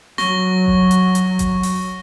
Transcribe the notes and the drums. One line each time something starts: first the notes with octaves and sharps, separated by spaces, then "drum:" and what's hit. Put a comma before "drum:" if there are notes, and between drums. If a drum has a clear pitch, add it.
F#3 C#6 A#6 G7, drum: snare
drum: kick G1
drum: hi-hat
drum: hi-hat
drum: kick G1, hi-hat
drum: open hi-hat